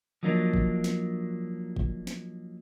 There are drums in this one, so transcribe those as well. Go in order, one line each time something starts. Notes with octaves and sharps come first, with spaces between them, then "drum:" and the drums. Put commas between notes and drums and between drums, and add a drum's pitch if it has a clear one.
F3 F#3 A#3 D4 D#4
drum: kick
drum: snare
drum: kick
drum: snare